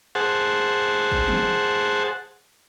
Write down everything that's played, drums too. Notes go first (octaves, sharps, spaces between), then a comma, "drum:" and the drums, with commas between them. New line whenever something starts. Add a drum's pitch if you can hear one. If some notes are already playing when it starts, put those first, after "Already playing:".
G#4 C5 F#5 A5
drum: kick
drum: tom